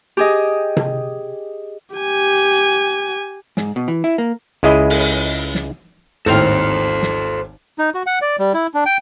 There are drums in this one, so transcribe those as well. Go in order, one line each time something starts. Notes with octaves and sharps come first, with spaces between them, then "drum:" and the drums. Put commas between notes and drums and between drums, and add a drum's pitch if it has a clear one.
G4 G#4 D#5
drum: tom C3
G4 G#5
G#2, drum: snare
B2
E3
E4
A#3
C#2 G#3 E4 G#4 D#5
drum: open hi-hat
drum: snare
G#1 D#2 A2 C4 A4 C5 F6, drum: hi-hat
drum: snare
D#4
F#4
F#5
D5
G3
E4
D4
G5